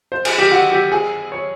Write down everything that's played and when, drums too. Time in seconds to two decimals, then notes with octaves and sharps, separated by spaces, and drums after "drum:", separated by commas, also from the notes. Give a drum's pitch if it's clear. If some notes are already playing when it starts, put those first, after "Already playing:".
0.12 C5
0.25 G#4, drum: cymbal
0.38 G4
0.52 F#4
0.72 G4
0.92 G#4
1.32 C#5